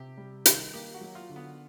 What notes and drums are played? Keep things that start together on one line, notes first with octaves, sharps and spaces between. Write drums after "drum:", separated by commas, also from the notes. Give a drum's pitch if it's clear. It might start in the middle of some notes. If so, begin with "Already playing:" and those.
Already playing: C3 G4
G3
D#3, drum: hi-hat
A#3 G4
F#4
F#3
F4
D3
B3